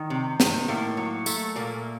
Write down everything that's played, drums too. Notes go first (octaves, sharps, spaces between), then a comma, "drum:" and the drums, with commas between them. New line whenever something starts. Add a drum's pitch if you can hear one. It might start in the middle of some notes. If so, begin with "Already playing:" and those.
Already playing: D#3
C3
D#3, drum: snare
A2 A#3
F#3
A3, drum: tambourine
A#2 A#3